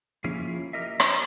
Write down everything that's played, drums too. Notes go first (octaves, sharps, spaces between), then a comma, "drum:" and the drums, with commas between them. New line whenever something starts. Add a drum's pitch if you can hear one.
F3 A#3 C#4 E4 F4 G#4
G4 A#4 D#5 E5
drum: rim click